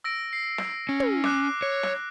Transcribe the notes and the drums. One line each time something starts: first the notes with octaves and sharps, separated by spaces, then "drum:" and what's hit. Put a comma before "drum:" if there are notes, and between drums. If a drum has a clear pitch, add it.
E6 A#6 D7
C7
drum: snare
C#4
drum: tom
D6 F#6, drum: snare
C#5
drum: snare